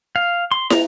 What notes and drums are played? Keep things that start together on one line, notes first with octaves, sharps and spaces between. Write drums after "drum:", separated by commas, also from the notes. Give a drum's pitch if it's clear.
F5
C6
A#5, drum: snare